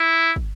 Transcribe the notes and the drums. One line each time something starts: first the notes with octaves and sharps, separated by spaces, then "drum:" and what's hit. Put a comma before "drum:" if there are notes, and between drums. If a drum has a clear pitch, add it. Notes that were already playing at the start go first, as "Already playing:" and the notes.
Already playing: E4
drum: kick